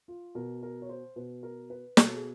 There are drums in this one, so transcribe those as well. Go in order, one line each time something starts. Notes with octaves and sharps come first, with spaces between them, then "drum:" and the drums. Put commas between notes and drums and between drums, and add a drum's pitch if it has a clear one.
F4
B2 A#4
A#4
C#5
C5
B2 B4
A#4
B4
B2 A4, drum: snare
G#4